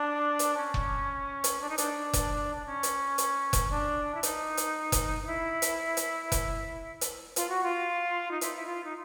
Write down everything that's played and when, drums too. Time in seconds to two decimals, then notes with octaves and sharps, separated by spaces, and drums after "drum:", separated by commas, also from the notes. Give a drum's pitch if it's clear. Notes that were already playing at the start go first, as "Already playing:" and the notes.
Already playing: D4
0.39 drum: hi-hat
0.57 C#4
0.74 drum: kick F1
1.44 drum: hi-hat
1.61 D4
1.69 D#4
1.78 D4, drum: hi-hat
2.13 drum: kick F1, hi-hat
2.56 D4
2.66 C#4
2.83 drum: hi-hat
3.18 drum: hi-hat
3.53 drum: kick F1, hi-hat
3.71 D4
4.15 E4
4.23 D#4, drum: hi-hat
4.57 drum: hi-hat
4.92 drum: kick F1, hi-hat
5.23 D#4
5.27 E4
5.62 drum: hi-hat
5.97 drum: hi-hat
6.32 drum: kick F1, hi-hat
7.01 drum: hi-hat
7.36 F4, drum: hi-hat
7.49 F#4
7.63 F4
8.31 D#4
8.41 E4, drum: hi-hat
8.55 E4
8.66 F4
8.84 D#4